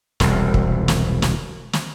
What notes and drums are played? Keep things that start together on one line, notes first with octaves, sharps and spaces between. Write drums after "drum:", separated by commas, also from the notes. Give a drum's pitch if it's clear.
E1 C2, drum: snare
drum: kick
drum: snare
drum: snare
drum: snare